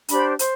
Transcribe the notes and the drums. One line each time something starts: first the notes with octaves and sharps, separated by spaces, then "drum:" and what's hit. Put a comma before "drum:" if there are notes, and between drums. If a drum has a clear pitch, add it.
D4 G4 C5 B5, drum: hi-hat
C5, drum: hi-hat